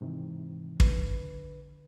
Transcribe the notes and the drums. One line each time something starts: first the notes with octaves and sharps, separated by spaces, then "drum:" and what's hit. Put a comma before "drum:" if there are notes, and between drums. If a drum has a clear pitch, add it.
G#2 C3 D#3 E3
D3 B4, drum: kick